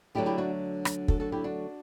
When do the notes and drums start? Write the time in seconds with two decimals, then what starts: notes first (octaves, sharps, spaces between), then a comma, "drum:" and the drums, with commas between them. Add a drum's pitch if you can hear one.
0.15 D2 D3 F#3 E4 G4
0.26 E4 G4
0.38 D4 F#4
0.85 drum: rim click
1.08 F#4 A4, drum: kick
1.20 F#4 A4
1.32 E4 G4
1.44 D4 F#4